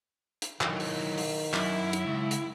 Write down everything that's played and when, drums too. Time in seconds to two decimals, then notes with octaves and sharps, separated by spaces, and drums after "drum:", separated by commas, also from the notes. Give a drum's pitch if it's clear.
0.42 drum: hi-hat
0.61 D#3 E3 F#3, drum: clap
0.80 drum: open hi-hat
1.18 drum: open hi-hat
1.54 F#2 E4, drum: clap
1.93 drum: hi-hat
2.07 C#2
2.31 drum: hi-hat